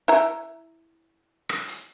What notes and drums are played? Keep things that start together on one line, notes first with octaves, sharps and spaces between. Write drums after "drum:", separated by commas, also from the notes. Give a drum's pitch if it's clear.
E4 A#5
drum: rim click
drum: hi-hat